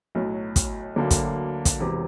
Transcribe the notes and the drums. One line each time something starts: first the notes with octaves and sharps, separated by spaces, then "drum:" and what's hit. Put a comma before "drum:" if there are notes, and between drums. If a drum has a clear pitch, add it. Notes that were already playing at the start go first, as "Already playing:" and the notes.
B1 A2 F#3
drum: kick, hi-hat
D2 D3 F#3 A#3
drum: kick, hi-hat
drum: kick, hi-hat
E1 E2 C3